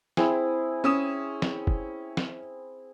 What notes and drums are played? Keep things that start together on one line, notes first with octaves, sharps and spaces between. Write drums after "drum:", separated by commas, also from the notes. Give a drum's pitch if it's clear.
C4 E4 G#4, drum: snare
C#4 D#6 E7
drum: snare
drum: kick
drum: snare